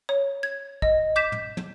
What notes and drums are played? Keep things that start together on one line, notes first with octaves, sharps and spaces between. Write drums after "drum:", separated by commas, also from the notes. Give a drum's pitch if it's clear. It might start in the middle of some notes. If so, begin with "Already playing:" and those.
C#5
G#6
D#5, drum: kick
D6 G6 B6 E7
drum: tom
drum: tom